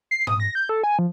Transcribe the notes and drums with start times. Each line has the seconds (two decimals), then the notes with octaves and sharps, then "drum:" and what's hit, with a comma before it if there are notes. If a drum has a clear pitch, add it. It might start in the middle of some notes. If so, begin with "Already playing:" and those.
0.11 C7
0.27 D#6, drum: tom G#2
0.40 A#6
0.55 G6
0.69 A4
0.84 G#5
0.99 F3